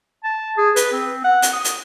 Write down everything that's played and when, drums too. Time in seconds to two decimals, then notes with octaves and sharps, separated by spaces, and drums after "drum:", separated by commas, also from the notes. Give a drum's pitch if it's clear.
0.24 A5
0.57 G#4
0.76 B4, drum: hi-hat
0.93 C4
1.25 F#5
1.42 drum: hi-hat
1.53 D#6
1.64 drum: hi-hat